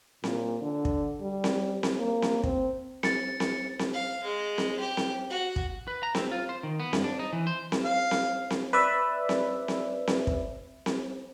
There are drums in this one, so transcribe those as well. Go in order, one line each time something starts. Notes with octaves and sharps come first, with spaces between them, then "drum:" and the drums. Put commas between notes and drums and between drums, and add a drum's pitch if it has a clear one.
A#2, drum: snare C4
D3
drum: kick
G3
drum: snare C4
drum: snare C4
A#3
drum: snare C4
C4, drum: kick
A6 C#7, drum: snare C4
drum: snare C4
drum: snare C4
F5
G#3
drum: snare C4
G4
drum: snare C4
F#4
drum: kick
B4
A#5
C4, drum: snare C4
F4
C5
D#3
B3
G2, drum: snare C4
D4
D#4
E3
C5
drum: snare C4
F5
drum: snare C4
drum: snare C4
B4 D5 E5
drum: snare C4
drum: snare C4
drum: snare C4
drum: kick
drum: snare C4